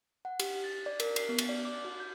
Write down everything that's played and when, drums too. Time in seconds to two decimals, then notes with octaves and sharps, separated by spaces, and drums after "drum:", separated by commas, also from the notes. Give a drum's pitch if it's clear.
0.25 F#5
0.40 G4, drum: cymbal
0.64 A6
0.86 D5
1.00 A#4, drum: cymbal
1.16 C7, drum: cymbal
1.29 B3
1.39 drum: cymbal
1.49 D5
1.65 D6
1.84 F#4
2.00 G6